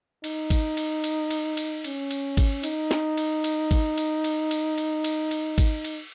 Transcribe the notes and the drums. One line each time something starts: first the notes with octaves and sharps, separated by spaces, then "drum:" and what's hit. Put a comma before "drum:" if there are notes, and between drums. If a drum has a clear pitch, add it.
D#4, drum: cymbal
drum: kick G#1, cymbal
drum: cymbal
drum: cymbal
drum: cymbal
drum: cymbal
C#4, drum: cymbal
drum: cymbal
drum: kick G#1, cymbal
D#4, drum: cymbal
drum: snare
drum: cymbal
drum: cymbal
drum: kick G#1, cymbal
drum: cymbal
drum: cymbal
drum: cymbal
drum: cymbal
drum: cymbal
drum: cymbal
drum: kick G#1, cymbal
drum: cymbal